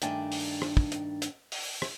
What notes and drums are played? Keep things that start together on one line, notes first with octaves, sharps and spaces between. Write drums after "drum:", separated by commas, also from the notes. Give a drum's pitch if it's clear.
G2 D#3 A3 D4 G5 G#5, drum: hi-hat
drum: open hi-hat
drum: rim click
drum: kick
drum: hi-hat
drum: hi-hat
drum: open hi-hat
drum: rim click